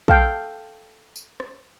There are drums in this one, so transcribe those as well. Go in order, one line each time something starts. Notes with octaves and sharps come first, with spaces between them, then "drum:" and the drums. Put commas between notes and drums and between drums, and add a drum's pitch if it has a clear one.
A4 F5 G5, drum: kick
drum: tambourine
drum: rim click